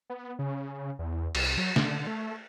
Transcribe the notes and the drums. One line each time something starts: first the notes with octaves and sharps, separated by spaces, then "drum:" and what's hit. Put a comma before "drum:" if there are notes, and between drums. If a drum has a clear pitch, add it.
B3
C#3
E2
C2, drum: cymbal
F#3
D3, drum: snare
A3